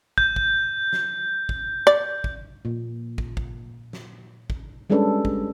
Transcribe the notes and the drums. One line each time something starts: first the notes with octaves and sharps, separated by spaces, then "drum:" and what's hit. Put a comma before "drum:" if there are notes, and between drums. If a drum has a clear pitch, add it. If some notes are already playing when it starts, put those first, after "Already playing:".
G6, drum: kick
drum: kick
drum: snare
drum: kick
D5
drum: kick
A#2
drum: kick
drum: kick
drum: snare
drum: kick
G3 G#3 C#4 D4 A4 B4
drum: kick